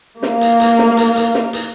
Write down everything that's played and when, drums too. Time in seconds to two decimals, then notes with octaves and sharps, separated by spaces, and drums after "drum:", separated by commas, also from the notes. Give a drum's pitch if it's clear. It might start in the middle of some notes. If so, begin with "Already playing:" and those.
0.23 A#3 F5, drum: snare
0.41 drum: hi-hat
0.60 drum: hi-hat
0.79 drum: snare
0.97 drum: hi-hat
1.16 drum: hi-hat
1.35 drum: snare
1.53 drum: hi-hat